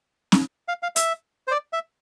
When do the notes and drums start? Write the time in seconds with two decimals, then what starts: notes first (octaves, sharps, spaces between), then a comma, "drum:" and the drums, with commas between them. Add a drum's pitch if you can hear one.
0.32 drum: snare
0.68 F5
0.83 F5
0.96 E5, drum: hi-hat
1.48 C5
1.51 D5
1.73 E5